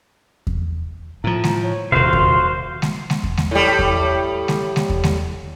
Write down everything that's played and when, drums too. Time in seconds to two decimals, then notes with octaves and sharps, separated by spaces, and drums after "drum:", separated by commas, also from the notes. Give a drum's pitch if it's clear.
0.47 drum: kick E2
1.24 A2 F3 A#5
1.44 drum: snare G#3
1.62 C#5
1.92 D#1 C3 F#4 C5 F5 C6
2.13 drum: kick E2
2.82 drum: snare G#3
3.10 drum: snare G#3
3.24 drum: kick E2
3.37 drum: snare G#3
3.51 A2 G3
3.79 drum: kick E2
4.48 drum: snare G#3
4.76 drum: snare G#3
4.90 drum: kick E2
5.03 drum: snare G#3